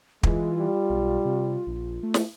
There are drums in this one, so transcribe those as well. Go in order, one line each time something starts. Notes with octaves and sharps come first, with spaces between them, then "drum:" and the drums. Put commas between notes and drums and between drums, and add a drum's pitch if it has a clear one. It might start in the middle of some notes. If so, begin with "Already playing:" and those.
E3 G#3 F4, drum: kick
G3
B1
C3
A#1
A3
drum: snare